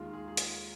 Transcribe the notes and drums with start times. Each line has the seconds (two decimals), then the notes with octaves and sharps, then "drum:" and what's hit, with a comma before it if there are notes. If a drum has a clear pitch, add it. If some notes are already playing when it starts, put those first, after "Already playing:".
Already playing: D#2 D#3 G#3 F4
0.13 G#4
0.28 G#4
0.37 drum: hi-hat